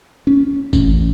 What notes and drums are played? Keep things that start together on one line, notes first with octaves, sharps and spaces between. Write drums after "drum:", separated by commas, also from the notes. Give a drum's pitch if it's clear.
C#4
A1 A2 C#4, drum: kick F#1, tambourine